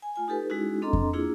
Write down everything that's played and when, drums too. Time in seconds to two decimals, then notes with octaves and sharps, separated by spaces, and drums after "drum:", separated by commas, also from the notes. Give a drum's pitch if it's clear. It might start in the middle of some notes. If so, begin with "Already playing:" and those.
0.02 G#5
0.16 A3 F4 G#5
0.28 D#4 G4 A4 B4
0.49 G#3 C#4 D#4 E4 F#4 G#4
0.82 C4 D4 A4 D#5 A#5 C6
0.93 drum: kick F2
1.13 A#3 D4 E4 F4 G#4